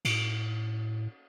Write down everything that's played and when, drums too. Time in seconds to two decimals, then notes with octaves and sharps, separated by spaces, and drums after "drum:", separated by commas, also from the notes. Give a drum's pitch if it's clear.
0.05 A2, drum: cymbal